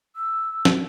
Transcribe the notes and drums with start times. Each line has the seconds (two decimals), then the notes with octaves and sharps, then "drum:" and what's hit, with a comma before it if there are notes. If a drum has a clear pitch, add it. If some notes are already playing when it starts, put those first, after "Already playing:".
0.16 E6
0.65 drum: snare